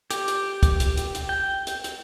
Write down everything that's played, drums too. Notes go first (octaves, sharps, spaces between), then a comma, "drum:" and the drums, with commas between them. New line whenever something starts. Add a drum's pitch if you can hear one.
G4, drum: hi-hat
drum: hi-hat
drum: kick, hi-hat
drum: hi-hat
drum: hi-hat
drum: hi-hat
G5
drum: hi-hat
drum: hi-hat